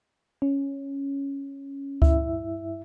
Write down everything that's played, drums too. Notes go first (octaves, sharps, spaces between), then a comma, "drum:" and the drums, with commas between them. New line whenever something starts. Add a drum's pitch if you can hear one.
C#4
G2 E4 E5, drum: kick C#2